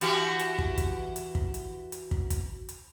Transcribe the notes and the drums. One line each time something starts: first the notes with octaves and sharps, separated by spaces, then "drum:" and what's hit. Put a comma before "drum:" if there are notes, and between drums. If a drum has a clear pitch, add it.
E3 F#4 G4, drum: hi-hat
drum: hi-hat
drum: kick
drum: kick, hi-hat
drum: hi-hat
drum: kick
drum: hi-hat
drum: hi-hat
drum: kick
drum: kick, hi-hat
drum: hi-hat